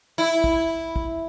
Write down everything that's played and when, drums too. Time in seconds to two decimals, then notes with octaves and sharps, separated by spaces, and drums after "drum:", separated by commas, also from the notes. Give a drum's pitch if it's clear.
0.18 E4
0.44 drum: kick
0.96 drum: kick